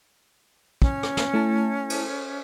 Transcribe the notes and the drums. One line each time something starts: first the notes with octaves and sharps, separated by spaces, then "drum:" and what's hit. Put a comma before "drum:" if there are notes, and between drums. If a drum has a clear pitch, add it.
C#4, drum: kick
drum: rim click
drum: snare
A3 E4 A5
drum: cymbal